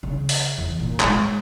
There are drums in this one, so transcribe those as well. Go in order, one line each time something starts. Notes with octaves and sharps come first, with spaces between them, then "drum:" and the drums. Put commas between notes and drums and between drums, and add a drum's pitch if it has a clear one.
C#3
drum: open hi-hat
E2
A#2
G#2 G#3, drum: clap